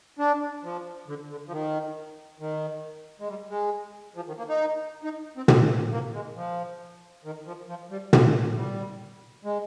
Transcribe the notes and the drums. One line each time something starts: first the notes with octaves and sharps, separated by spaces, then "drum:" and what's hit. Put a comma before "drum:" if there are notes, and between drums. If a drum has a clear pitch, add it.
D4
F3
D3
D3
F3
D#3
D#3
G#3
G3
G#3
F3
D#3
A#3
D#4
D#4
C4
C4, drum: tom
A#3
G#3
F3
D#3
F3
F3
G3
F3, drum: tom
G3
G#3